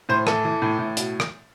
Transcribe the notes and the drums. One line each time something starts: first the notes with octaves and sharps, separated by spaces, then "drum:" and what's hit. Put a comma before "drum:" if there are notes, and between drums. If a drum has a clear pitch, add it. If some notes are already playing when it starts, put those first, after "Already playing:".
A2 C5
E3 A4, drum: rim click
E3
A2
A2
B2, drum: hi-hat
drum: rim click